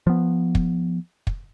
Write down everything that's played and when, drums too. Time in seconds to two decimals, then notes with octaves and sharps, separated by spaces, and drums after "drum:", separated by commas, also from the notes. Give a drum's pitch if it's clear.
0.07 F3 B3
0.55 drum: kick
1.27 drum: kick